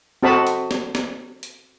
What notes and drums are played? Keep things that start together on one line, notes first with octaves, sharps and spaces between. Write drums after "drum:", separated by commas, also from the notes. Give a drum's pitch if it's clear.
C4 F#4 A4 D#5 A5 B5
drum: hi-hat
drum: snare
drum: snare
drum: hi-hat